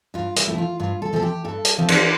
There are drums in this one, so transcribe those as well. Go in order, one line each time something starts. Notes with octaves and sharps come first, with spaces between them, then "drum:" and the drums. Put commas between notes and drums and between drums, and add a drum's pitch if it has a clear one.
G2 F4
E4, drum: hi-hat
F3 A3 C4 E4
F4
G2 F4
A4
F3 A3 C4 A4
G4
G2 A4
drum: hi-hat
F3 A3 C4
D5, drum: cymbal